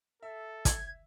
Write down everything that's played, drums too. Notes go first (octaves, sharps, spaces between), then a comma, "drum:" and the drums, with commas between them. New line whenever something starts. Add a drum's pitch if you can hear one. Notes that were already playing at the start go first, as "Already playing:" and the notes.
A4 E5
G#6, drum: kick, hi-hat